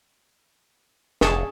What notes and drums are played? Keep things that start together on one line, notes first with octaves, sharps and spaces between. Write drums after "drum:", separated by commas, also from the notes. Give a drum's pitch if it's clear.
F1 G#4 A5 C#6, drum: snare